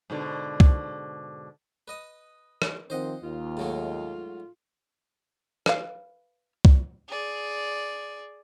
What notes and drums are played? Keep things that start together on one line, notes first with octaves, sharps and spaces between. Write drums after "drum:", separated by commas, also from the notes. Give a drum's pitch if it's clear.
G#2 B2 D3
drum: kick C2
B4 D#5 D#6
drum: rim click
D#3 F3 C4 C5 D#5 F#5
D#2 F4
G#2 F#3 A3
B4 F5, drum: rim click
drum: kick C2
G#4 D5